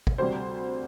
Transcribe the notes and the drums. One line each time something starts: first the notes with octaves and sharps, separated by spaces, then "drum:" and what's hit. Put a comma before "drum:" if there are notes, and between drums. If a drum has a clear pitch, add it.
drum: kick
D2 C3 G3 C5